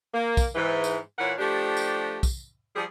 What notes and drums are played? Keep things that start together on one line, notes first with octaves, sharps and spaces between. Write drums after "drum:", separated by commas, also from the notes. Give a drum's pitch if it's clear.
A#3
drum: kick, tambourine
G#2 E3
drum: tambourine
A#2 E3 A#4 B4 C#5 F#5
F3 A3 D4 G4
drum: tambourine
drum: kick, tambourine
F3 G3 G#4